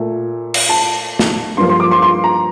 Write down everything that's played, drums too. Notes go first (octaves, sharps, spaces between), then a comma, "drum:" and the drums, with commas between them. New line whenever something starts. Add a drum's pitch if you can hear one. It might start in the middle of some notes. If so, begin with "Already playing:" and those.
Already playing: A#2 A3
drum: cymbal
A5
drum: snare
G2 F3 A#3 C6
C6
D6
C6
C6
A#5